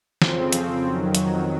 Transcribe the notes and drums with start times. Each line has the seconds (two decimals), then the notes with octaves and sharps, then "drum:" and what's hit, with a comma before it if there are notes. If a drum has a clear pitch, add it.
0.22 F2 C#3 F3 C4, drum: snare
0.53 drum: hi-hat
0.84 F2 D#3 F#3 C#4
1.15 drum: hi-hat